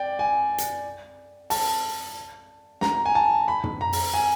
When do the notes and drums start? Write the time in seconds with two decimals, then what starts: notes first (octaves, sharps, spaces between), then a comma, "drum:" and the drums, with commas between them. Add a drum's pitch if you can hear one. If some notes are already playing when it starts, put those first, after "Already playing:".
Already playing: D5 G5
0.19 G#5
0.58 drum: hi-hat
1.50 A5, drum: open hi-hat
2.81 A#5, drum: snare
3.06 G#5
3.15 A5
3.48 B5
3.64 drum: tom
3.81 A#5
3.93 drum: open hi-hat
4.14 G#5